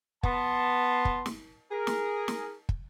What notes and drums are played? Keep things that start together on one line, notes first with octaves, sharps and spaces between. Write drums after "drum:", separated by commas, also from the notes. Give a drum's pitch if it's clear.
B3 A5 C6, drum: kick
drum: kick
drum: snare
G#4 A#4
drum: snare
drum: snare
drum: kick